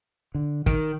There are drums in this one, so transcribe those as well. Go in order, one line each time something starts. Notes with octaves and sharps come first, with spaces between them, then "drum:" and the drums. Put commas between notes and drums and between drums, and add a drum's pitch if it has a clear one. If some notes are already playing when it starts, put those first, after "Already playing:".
D3
D#3, drum: kick